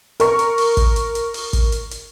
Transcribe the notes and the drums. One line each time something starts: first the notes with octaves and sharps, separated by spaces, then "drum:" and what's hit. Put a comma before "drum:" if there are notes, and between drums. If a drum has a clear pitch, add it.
A#4 C#6, drum: hi-hat
drum: hi-hat
drum: open hi-hat
drum: kick, hi-hat
drum: hi-hat
drum: hi-hat
drum: open hi-hat
drum: kick, hi-hat
drum: hi-hat
drum: hi-hat